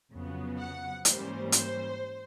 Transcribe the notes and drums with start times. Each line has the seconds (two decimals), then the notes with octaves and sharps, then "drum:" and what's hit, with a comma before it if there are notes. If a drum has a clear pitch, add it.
0.12 F2 C#3 F#3 B3
0.59 F#5
1.05 G#2 E3 G3 A#3 C#4 C5, drum: hi-hat
1.52 C5, drum: hi-hat